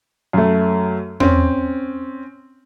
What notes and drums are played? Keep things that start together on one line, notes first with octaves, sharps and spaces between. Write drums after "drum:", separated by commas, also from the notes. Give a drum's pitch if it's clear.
F#2 A3
C4 C#4, drum: tom E2